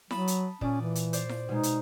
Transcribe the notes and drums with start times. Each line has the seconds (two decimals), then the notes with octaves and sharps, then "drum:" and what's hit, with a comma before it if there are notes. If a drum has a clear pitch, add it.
0.11 F#3 A5 B5 D#6, drum: snare E4
0.28 drum: hi-hat
0.61 A#2 C#4 D5 D#6, drum: kick
0.82 E3
0.95 drum: hi-hat
1.13 C5 D5, drum: hi-hat
1.29 drum: snare E4
1.49 B2 G#3 D#4
1.63 drum: hi-hat